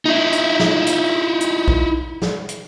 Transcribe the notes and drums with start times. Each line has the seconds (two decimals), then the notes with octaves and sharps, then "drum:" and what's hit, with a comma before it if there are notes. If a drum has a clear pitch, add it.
0.06 D#4 E4
0.33 drum: hi-hat
0.60 drum: snare
0.87 drum: hi-hat
1.41 drum: hi-hat
1.68 drum: kick
2.22 drum: snare
2.49 drum: hi-hat